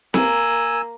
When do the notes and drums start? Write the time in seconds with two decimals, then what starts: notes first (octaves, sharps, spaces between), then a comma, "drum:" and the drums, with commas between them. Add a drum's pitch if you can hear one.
0.14 A#3 G#5 E6, drum: snare